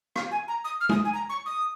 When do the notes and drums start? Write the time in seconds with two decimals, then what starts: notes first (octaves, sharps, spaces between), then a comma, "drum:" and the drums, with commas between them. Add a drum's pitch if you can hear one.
0.16 F5, drum: rim click
0.31 G#5
0.48 A#5
0.64 D#6
0.81 F6
0.89 D#6, drum: tom G#3
1.05 G#5
1.13 A#5
1.29 C#6
1.46 D#6